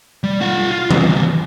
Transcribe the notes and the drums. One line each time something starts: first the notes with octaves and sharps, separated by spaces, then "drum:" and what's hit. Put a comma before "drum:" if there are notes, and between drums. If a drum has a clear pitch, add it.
G3
F4 F#5
F4
E3 G3, drum: tom D#3